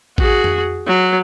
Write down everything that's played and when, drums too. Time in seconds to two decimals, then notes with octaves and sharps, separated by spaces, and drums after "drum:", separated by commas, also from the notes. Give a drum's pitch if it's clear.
0.18 F#4 G#4, drum: kick A1
0.44 drum: tom F2
0.87 F#3